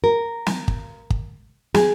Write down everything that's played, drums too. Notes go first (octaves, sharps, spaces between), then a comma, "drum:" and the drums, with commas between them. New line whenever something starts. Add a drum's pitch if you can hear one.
A#4
drum: snare
drum: kick
drum: kick
G#4, drum: snare